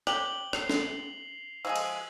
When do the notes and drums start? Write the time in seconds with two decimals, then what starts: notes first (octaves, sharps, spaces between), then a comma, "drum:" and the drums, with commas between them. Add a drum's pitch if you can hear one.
0.07 G4 F#7 G7, drum: rim click
0.53 C7 F7, drum: rim click
0.70 drum: snare
1.65 F3 G#3 G#4 E6
1.76 drum: cymbal